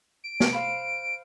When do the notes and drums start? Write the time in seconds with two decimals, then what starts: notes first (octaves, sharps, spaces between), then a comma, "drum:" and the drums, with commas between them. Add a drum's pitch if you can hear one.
0.24 D7
0.40 drum: snare
0.53 C5 F5 B5